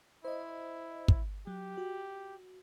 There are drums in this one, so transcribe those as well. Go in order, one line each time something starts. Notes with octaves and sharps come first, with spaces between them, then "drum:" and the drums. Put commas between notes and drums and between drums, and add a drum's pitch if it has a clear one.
E4 C5 D#5
drum: kick
F#3 G4
F#4